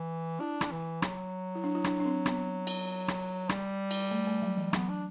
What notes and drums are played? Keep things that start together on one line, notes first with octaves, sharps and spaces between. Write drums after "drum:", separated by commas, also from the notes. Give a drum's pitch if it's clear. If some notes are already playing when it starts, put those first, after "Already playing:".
Already playing: E3
D4 E4
drum: rim click
E3
F#3, drum: rim click
E4
D4
E4
D4, drum: rim click
D4
C4
B3, drum: rim click
drum: cymbal
drum: rim click
G3, drum: rim click
drum: cymbal
A3
A3
F#3
E3
F#3 B3, drum: rim click
D4